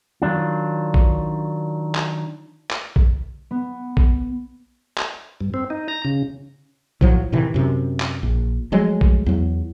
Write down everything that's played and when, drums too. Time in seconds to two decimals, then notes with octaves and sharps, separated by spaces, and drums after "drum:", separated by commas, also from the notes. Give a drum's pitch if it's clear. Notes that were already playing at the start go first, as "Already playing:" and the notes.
0.22 D#3 F#3 D4 F4
0.94 drum: kick A#1
1.95 drum: clap
2.71 drum: clap
2.96 drum: kick A#1
3.51 B3
3.97 drum: kick A#1
4.98 drum: clap
5.41 G2
5.54 C4
5.70 D#4
5.88 A#5
6.05 C#3
7.01 A2 F3 F#3, drum: kick A#1
7.32 A2 C3 D#3 E3
7.54 F#2 C3
8.00 drum: clap
8.23 A#1
8.72 F3 F#3 G#3 A3
9.01 drum: kick A#1
9.26 E2 F#3